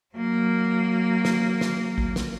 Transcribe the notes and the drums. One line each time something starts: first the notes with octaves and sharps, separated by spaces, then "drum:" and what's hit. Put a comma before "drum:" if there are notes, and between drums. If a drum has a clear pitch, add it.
F#3 A#3
drum: snare
drum: snare
drum: kick
drum: snare